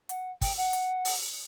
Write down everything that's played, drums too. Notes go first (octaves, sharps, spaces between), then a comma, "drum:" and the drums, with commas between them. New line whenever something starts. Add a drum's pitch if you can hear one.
F#5, drum: hi-hat
G5, drum: kick, open hi-hat
F#5
drum: hi-hat
drum: open hi-hat